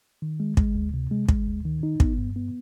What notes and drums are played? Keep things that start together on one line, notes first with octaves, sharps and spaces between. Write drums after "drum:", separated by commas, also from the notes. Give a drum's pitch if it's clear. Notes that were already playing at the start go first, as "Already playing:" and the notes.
D#3
G#3
G#3, drum: kick
D2
C3
G#3
G#3, drum: kick
D2
D#3
D#4
B3, drum: kick
G2
B3